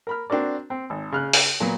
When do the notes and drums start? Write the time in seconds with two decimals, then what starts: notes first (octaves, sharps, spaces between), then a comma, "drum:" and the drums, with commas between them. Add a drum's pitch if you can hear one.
0.07 A#4 B5 F6
0.30 C4 D4 F#4 A#4 D5
0.70 C4
0.90 G#1
1.12 C#3 F6 F#6
1.33 drum: open hi-hat
1.60 A#2 F#3 B3